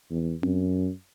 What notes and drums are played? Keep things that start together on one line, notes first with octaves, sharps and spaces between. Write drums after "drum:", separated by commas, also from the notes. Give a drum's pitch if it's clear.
E2
F#2, drum: tom C4